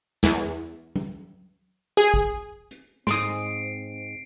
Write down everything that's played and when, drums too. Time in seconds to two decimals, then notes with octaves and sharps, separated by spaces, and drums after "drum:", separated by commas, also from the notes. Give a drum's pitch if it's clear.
0.23 E2, drum: snare
0.96 drum: tom F#3
1.97 G#4
2.14 drum: kick
2.71 drum: hi-hat
3.07 G#2 C4 C6 D#6 C7 D7, drum: snare